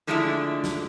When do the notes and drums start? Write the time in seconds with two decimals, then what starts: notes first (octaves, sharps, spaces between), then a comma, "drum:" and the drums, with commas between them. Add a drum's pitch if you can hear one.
0.07 D3 F3 G#3 A3 D4 E4
0.64 drum: snare